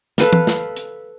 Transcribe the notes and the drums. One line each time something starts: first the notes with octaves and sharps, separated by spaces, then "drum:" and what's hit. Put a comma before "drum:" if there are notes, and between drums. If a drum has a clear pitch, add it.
A4 B4 F5, drum: snare
drum: tom E3
drum: snare
drum: hi-hat